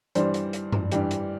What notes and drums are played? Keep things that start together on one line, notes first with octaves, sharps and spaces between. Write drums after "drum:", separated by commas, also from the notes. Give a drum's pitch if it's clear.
G2 E3 G3 C5, drum: hi-hat
drum: hi-hat
drum: hi-hat
drum: tom F#2
G2 E3 G3 G4, drum: hi-hat
drum: hi-hat